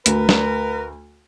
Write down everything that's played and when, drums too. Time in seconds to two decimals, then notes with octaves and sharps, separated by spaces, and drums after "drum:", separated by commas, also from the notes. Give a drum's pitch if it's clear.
0.06 D2 A#4 B4, drum: hi-hat
0.29 drum: snare